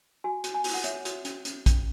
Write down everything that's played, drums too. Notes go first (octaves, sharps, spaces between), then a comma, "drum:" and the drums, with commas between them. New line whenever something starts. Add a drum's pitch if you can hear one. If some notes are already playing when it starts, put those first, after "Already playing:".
F#4 G#5
F#4, drum: hi-hat
G#5
F#4, drum: open hi-hat
F#5
C#5 E5, drum: hi-hat
F#4, drum: hi-hat
C#4, drum: hi-hat
C#4, drum: hi-hat
C#4, drum: kick A#1, hi-hat